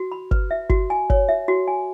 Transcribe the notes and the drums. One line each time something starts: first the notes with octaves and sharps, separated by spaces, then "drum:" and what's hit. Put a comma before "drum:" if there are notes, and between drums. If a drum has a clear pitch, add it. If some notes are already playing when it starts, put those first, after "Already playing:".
Already playing: F#4
B5
B4, drum: kick G1
E5
F#4, drum: kick G1
G#5
C#5, drum: kick G1
E5
F#4
G#5